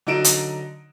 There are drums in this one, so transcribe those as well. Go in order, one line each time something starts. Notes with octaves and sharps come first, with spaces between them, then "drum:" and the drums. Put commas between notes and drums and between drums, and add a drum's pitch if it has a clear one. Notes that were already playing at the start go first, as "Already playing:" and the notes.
D3 F#3 D#4 D7 E7
drum: hi-hat